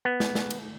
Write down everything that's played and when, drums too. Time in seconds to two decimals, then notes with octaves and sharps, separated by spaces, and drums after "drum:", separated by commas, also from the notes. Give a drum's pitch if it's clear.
0.05 B3
0.20 drum: snare
0.35 drum: snare
0.50 drum: cymbal